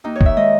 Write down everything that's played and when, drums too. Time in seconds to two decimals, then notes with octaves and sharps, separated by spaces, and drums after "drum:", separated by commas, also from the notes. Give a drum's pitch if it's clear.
0.04 D#2 D#4
0.16 C#5
0.21 D#3, drum: kick F#1
0.26 E5
0.37 G#3 D#5